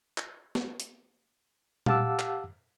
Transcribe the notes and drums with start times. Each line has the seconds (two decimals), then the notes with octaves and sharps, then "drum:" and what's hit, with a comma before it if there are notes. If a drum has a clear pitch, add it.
0.18 drum: clap
0.55 drum: snare
0.80 drum: hi-hat
1.86 G4 F5 F#5 A5 D6 E6, drum: tom A#2
2.19 drum: clap